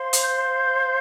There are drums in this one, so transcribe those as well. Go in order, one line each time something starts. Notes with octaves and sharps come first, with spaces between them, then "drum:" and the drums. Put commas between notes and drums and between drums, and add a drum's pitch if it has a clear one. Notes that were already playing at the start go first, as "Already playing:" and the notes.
Already playing: C5 F5 C6
drum: hi-hat
G6